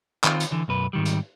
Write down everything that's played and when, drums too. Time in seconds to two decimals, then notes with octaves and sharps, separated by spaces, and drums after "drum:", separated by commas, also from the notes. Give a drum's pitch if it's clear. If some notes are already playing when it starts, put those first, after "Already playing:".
0.24 D#3 C4 F4, drum: clap
0.40 drum: hi-hat
0.52 D3 E3
0.68 B1 F#2 B4
0.93 G#2 D#3 G3
1.06 drum: hi-hat